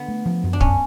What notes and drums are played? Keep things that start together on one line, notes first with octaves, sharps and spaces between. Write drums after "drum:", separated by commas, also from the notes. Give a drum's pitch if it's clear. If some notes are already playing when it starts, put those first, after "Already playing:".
Already playing: D3 B3
A3
F3
F#2
D4
D2 C#4, drum: kick